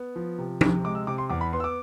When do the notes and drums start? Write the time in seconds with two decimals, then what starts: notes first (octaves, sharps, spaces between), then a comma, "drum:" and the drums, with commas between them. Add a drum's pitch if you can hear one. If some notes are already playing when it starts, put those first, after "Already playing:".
Already playing: B3
0.16 F3
0.38 C3
0.61 C3, drum: tom
0.84 G#3 D6
0.95 E6
1.07 C3 D6
1.18 C6
1.30 E2 D6
1.41 B5
1.53 B3 C6
1.60 E6
1.64 D6